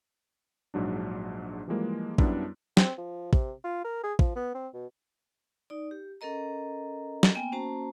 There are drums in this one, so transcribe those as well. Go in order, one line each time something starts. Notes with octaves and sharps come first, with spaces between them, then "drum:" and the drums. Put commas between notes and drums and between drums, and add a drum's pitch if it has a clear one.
A#1 G#2 F#3 D4
E3 F3 G3 G#3 A#3
F#2 G3 B3 D4 E4, drum: kick
C4, drum: snare
F3
C3, drum: kick
F4
A#4
G#4
F3, drum: kick
B3
C4
B2
D#4 D5
G4
C#4 A4 A#4 D#5 A#5
drum: snare
A#3 B3 G5 G#5
A#3 C#4 F#4 C5 A5 A#5